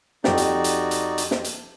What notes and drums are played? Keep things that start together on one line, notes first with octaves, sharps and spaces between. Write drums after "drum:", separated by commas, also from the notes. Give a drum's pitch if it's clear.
F2 D#4 F#4 G4 D5, drum: snare
drum: hi-hat
drum: hi-hat
drum: hi-hat
drum: hi-hat
drum: snare
drum: hi-hat